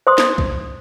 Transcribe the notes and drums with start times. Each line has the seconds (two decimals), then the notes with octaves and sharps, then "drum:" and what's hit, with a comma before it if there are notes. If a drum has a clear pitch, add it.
0.07 C5 C6 D#6
0.18 drum: snare
0.38 drum: kick B1